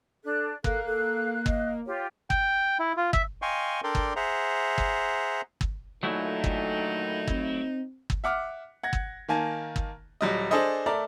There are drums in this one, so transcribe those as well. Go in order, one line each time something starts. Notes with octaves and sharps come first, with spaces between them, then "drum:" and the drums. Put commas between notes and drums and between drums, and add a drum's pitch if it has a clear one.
D4 A4 F#6
A#3 A4 F5 F#6, drum: kick
A4
D#5, drum: kick
F4 G4 C#5
G5, drum: kick
E4
F4
E5, drum: kick
D#5 F5 G5 G#5 C6 C#6
D4 A4 A#4 D5 G5 C6
drum: kick
G#4 C5 E5 F#5 A#5
drum: kick
drum: kick
A#2 D3 D#3 F#3 A3 D#4 E4 G#5
drum: kick
C4, drum: kick
drum: kick
E5 F#5 D6 F6
F#5 G#6 A#6
drum: kick
D#3 A#3 G#5 A5
drum: kick
D#1 F#3 G3 D#5
D4 G#4 A4 C5 D#5
A3 A#4 D5 E5 A5 A#5